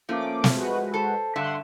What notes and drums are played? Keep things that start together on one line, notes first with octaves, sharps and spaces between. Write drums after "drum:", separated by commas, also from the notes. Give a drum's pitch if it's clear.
F3 A3 A#3 C#4 D6
drum: snare
G#3 F#4 B4
A4 C5
G2 D3 E5 F#5 C6